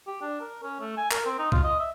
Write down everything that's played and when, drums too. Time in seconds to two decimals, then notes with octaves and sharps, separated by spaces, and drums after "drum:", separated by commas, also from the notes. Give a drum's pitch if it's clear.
0.07 G4
0.22 D4
0.41 A#4
0.63 C#4
0.80 A3
0.97 G#5
1.11 A#4, drum: clap
1.26 C4
1.39 D#4
1.52 F4, drum: kick C2
1.64 D#5
1.79 E5